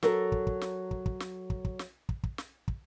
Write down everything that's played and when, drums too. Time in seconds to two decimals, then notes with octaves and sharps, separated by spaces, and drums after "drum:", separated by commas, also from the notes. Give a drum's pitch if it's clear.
0.03 F#3 A4 A#4, drum: snare
0.32 drum: kick
0.47 drum: kick
0.61 drum: snare
0.91 drum: kick
1.06 drum: kick
1.20 drum: snare
1.50 drum: kick
1.65 drum: kick
1.79 drum: snare
2.09 drum: kick
2.23 drum: kick
2.38 drum: snare
2.68 drum: kick